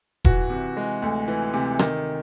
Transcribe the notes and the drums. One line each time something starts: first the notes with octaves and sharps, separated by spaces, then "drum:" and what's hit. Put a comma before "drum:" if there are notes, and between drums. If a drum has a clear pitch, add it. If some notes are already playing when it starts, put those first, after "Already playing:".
E3 F#4, drum: kick E1
C3
G#3
D2
E3
C3
D#3, drum: rim click